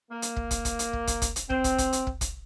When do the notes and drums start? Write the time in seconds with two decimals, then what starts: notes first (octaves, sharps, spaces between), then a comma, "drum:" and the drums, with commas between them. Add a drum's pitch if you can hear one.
0.11 A#3
0.22 drum: hi-hat
0.36 drum: kick
0.51 drum: kick, hi-hat
0.65 drum: kick, hi-hat
0.79 drum: hi-hat
0.93 drum: kick
1.07 drum: kick, hi-hat
1.22 drum: kick, hi-hat
1.36 drum: hi-hat
1.50 C4, drum: kick
1.64 drum: kick, hi-hat
1.78 drum: kick, hi-hat
1.93 drum: hi-hat
2.07 drum: kick
2.21 drum: kick, hi-hat